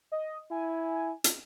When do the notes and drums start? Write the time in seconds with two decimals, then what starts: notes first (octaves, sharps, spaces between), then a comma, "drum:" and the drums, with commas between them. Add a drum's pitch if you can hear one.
0.12 D#5
0.51 E4 G#5
1.24 drum: hi-hat